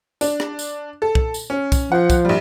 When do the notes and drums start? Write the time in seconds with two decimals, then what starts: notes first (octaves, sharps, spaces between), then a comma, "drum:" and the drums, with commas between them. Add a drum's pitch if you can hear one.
0.21 D4, drum: tambourine
0.40 drum: rim click
0.59 drum: tambourine
1.02 A4
1.15 drum: kick
1.34 drum: tambourine
1.50 C#4
1.72 drum: kick, tambourine
1.92 F3 F#5
2.10 drum: kick, tambourine
2.25 A#1 G3